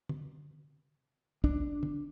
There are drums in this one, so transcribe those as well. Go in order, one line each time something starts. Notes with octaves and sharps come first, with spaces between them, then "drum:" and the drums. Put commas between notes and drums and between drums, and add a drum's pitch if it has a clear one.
drum: tom
D4, drum: kick
drum: tom